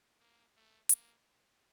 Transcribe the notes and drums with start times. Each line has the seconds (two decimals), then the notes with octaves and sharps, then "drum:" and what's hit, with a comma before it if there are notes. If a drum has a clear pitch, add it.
0.20 A#3
0.56 A3
0.89 A#3, drum: hi-hat